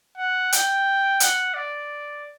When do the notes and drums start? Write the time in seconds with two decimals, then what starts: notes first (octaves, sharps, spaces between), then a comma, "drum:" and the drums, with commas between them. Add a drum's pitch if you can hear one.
0.18 F#5
0.52 G5, drum: hi-hat
1.20 F#5, drum: hi-hat
1.54 D5